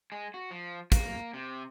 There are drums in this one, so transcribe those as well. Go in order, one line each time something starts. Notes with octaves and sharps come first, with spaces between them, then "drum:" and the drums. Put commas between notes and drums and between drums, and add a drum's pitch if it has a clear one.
G#3
F#4
F3
A#3, drum: kick, hi-hat
C3